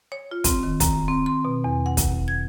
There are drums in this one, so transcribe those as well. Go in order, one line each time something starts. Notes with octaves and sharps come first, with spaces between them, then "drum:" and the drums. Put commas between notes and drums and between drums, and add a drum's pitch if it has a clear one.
C#5
F4
C4, drum: kick, hi-hat
D#3
A#5, drum: kick, hi-hat
C4
C6
B2
E2
F#5
drum: kick, hi-hat
G#6